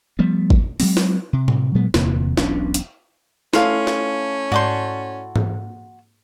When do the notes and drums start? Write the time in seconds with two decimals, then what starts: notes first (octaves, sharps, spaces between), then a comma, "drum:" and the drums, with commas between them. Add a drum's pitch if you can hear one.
0.19 F3 G3 A3 B3
0.50 drum: kick G#1
0.80 F#3 G#3 C4, drum: open hi-hat
0.97 drum: snare
1.33 C3
1.48 drum: tom A2
1.75 A#2 F#3 G#3 B3
1.94 D1 E2 C3 A#3, drum: snare
2.37 E1 B1 C#4 D4, drum: snare
2.74 drum: hi-hat
3.54 A3 C#4 E4 F5 C6, drum: snare
3.87 drum: snare
4.52 G#2 F#4 D5 A5 C6 G6
5.36 drum: tom G#2